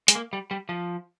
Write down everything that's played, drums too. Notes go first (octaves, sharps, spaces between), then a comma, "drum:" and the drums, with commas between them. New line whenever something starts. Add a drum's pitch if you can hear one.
G#3, drum: hi-hat
A#3
G3
G3
F3